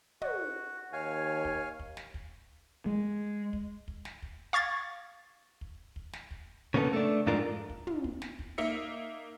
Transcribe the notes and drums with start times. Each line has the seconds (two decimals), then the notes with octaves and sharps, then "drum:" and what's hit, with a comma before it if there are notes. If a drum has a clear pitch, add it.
0.22 F#4, drum: tom
0.93 D#2 C#5 F5 G#5
1.45 drum: kick
1.79 drum: kick
1.97 drum: snare
2.14 drum: kick
2.86 G#3
3.53 drum: kick
3.88 drum: kick
4.05 drum: snare
4.22 drum: kick
4.53 F5 C#6 G#6 A6
5.61 drum: kick
5.96 drum: kick
6.13 drum: snare
6.31 drum: kick
6.74 C#3 A#3 B3 E4 A4
6.93 A3 D4
7.26 F2 G#2 D4 F4 A#4
7.70 drum: kick
7.87 drum: tom
8.04 drum: kick
8.22 drum: snare
8.39 drum: kick
8.58 A#3 D#4 E5 C#7